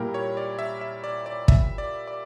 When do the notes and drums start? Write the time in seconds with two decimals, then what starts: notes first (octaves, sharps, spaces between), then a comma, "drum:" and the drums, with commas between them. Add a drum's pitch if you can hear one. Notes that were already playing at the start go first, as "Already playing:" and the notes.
Already playing: A#2 G3 A#3 E4 G4 A#4
0.14 C#5
0.37 D5
0.59 E5
0.81 E5
1.04 D5
1.26 D5
1.48 E5, drum: kick
1.78 D5
2.07 D5